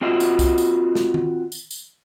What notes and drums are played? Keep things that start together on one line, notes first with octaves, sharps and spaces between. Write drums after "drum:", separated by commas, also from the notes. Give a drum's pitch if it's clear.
C4 F4 F#4 D#5 E5
drum: tambourine
drum: kick, tambourine
drum: tambourine
drum: snare
drum: tom D#3
drum: tambourine
drum: tambourine